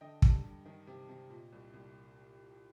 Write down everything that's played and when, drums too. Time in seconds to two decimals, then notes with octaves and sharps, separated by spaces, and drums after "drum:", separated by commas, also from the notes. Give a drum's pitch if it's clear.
0.01 D3 D#5 G5
0.22 G2, drum: kick
0.44 G2
0.66 D#3
0.87 C3
1.09 C3
1.30 A#2
1.52 C2
1.74 C2